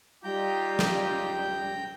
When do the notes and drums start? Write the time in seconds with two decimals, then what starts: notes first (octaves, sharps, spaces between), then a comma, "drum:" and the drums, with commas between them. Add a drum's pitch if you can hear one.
0.24 G3 D#4 F4 G4 G5 A#5 G6
0.79 drum: snare